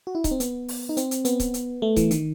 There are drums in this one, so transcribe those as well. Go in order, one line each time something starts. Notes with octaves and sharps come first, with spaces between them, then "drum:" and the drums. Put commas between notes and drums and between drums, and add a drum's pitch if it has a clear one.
F#4
E4
D#4, drum: kick C#1, hi-hat
C4
B3, drum: hi-hat
drum: open hi-hat
D#4
C4, drum: hi-hat
drum: hi-hat
B3, drum: hi-hat
drum: kick C#1, hi-hat
drum: hi-hat
A3
E3, drum: kick C#1, hi-hat
D#3, drum: hi-hat